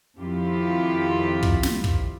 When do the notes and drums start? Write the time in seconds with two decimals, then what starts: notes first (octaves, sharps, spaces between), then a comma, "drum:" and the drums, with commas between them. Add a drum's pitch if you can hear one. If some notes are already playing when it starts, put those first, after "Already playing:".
0.19 F2 D#3 F3 E4 F4 G4
1.43 drum: kick
1.63 drum: snare
1.84 drum: kick